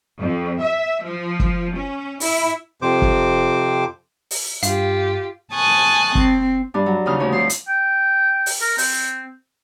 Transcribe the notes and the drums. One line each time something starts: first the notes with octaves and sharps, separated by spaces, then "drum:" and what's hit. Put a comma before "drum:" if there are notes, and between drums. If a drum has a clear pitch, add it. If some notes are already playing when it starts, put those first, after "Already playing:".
F2
E5
F3
drum: kick
C#4
E4, drum: open hi-hat
F2 C3 C5 D6
drum: kick
drum: open hi-hat
G2 F4 G4 F5, drum: hi-hat
G#5 A5 C#6 D#6 F#6
C4, drum: kick
G2 D4
F#3
D#2 C#3 D#6 F6
D2 C#5
F2 F3 C6
drum: hi-hat
G5
drum: open hi-hat
A#4
C4, drum: open hi-hat